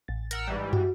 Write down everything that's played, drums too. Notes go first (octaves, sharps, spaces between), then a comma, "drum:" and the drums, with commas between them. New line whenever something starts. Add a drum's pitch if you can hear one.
A1 A6
A#4 F#5 E6, drum: hi-hat
G#2 E3 G3
F#4, drum: tom